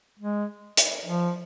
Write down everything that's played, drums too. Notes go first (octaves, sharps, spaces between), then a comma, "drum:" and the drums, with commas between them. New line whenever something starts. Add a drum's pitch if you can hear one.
G#3
drum: hi-hat
F3